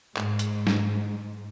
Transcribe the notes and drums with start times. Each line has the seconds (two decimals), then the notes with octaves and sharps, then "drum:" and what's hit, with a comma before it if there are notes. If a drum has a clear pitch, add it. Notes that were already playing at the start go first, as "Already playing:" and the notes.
0.16 G#2, drum: clap
0.39 drum: hi-hat
0.67 drum: snare